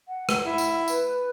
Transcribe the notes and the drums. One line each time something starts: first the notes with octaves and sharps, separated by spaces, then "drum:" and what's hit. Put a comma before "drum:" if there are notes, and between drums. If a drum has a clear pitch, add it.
F#5
drum: rim click
E4
drum: tambourine
B4, drum: tambourine